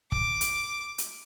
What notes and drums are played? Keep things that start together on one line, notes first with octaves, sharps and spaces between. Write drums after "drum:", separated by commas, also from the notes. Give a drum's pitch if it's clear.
D6, drum: kick
drum: hi-hat
drum: hi-hat